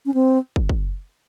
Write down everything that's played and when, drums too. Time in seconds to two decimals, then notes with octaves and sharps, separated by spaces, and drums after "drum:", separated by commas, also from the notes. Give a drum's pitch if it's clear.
0.06 C#4
0.14 C4
0.56 drum: kick
0.69 drum: kick